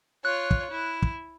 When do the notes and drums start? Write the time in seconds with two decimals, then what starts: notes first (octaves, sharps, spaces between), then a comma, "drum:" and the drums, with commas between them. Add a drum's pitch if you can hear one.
0.25 F4 C#5 F#6
0.51 drum: kick
0.71 E4
1.02 drum: kick